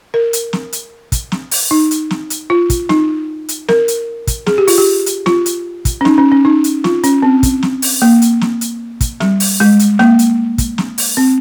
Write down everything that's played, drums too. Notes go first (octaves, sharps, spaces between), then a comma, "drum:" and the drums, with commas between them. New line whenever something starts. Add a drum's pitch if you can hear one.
A#4
drum: hi-hat
drum: snare
drum: hi-hat
drum: kick, hi-hat
drum: snare
drum: open hi-hat
D#4
drum: hi-hat
drum: snare
drum: hi-hat
F4
drum: kick, hi-hat
D#4, drum: snare
drum: hi-hat
A#4, drum: snare
drum: hi-hat
drum: kick, hi-hat
G#4, drum: snare
G4
F4, drum: open hi-hat
G4
drum: hi-hat
F4, drum: snare
drum: hi-hat
drum: kick, hi-hat
C#4
D#4, drum: snare
C#4
C#4
D#4
drum: hi-hat
F4, drum: snare
C#4, drum: hi-hat
C4
drum: kick, hi-hat
drum: snare
drum: open hi-hat
A#3
drum: hi-hat
drum: snare
drum: hi-hat
drum: kick, hi-hat
G3, drum: snare
drum: open hi-hat
G#3
drum: hi-hat
A#3, drum: snare
drum: hi-hat
drum: kick, hi-hat
drum: snare
drum: open hi-hat
C4